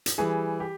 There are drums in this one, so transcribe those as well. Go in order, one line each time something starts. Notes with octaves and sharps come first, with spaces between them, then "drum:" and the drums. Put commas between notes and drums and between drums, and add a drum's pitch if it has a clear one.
drum: hi-hat
E3 G3 G#4
G4